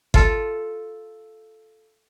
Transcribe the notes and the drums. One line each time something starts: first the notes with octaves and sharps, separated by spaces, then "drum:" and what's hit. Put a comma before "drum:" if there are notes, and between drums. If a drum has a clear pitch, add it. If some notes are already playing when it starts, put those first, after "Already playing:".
F4 A4, drum: kick G1